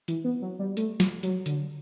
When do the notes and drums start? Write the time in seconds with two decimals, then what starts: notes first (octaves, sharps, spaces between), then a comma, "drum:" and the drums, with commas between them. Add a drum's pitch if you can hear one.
0.08 E3, drum: hi-hat
0.24 B3
0.42 F#3
0.59 G3
0.77 A3, drum: hi-hat
1.00 drum: snare
1.23 F#3, drum: hi-hat
1.46 D3, drum: hi-hat